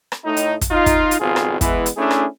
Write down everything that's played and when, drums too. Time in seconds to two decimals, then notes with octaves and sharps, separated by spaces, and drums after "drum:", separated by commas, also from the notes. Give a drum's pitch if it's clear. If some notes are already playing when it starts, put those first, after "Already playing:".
0.12 drum: rim click
0.25 A2 D#4
0.37 drum: hi-hat
0.61 drum: kick, hi-hat
0.71 D#4 F4
0.86 drum: kick, hi-hat
1.11 drum: hi-hat
1.20 G#1 F2 B2 F4 G#4
1.36 drum: rim click
1.61 E3 G#3 B3 E4, drum: kick, hi-hat
1.86 drum: hi-hat
1.97 A3 C#4 D4 E4 G#4
2.11 drum: rim click